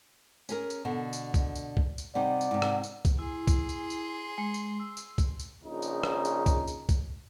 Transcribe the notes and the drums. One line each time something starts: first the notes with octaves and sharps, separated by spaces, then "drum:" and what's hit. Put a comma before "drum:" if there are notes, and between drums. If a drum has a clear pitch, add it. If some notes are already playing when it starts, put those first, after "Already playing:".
C#4 G#4 A#4, drum: tambourine
drum: tambourine
B2 D3 F#4
drum: tambourine
drum: kick C2, tambourine
drum: tambourine
drum: kick C2
drum: tambourine
C3 G3 D#4 D5 F#5
drum: tambourine
G#2 C3
drum: rim click
drum: tambourine
drum: kick C2, tambourine
E4 G#4 C6
drum: kick C2, tambourine
drum: tambourine
drum: tambourine
G#3
drum: tambourine
E6
drum: tambourine
drum: kick C2, tambourine
drum: tambourine
A#1 C#3 D#4
drum: tambourine
drum: rim click
drum: tambourine
drum: kick C2, tambourine
drum: tambourine
drum: kick C2, tambourine